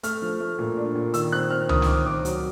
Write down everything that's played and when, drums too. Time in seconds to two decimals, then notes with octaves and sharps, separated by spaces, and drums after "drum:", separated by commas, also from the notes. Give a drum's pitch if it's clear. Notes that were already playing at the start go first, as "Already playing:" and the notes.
0.03 A3 F6, drum: hi-hat
0.22 F3
0.40 A3
0.58 A#2
0.77 D4
0.95 A#2
1.14 D#3 E6, drum: hi-hat
1.32 C4 F#6
1.50 C4 F6
1.69 D#3 D#6, drum: tom C#2
1.82 D#6, drum: snare
1.87 C4 D6
2.06 C4 D6
2.25 F#3, drum: hi-hat